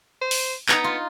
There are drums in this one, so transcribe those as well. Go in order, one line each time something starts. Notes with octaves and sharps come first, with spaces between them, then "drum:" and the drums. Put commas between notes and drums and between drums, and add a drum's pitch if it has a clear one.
C5
drum: open hi-hat
B3 D#4 A#5, drum: clap
F4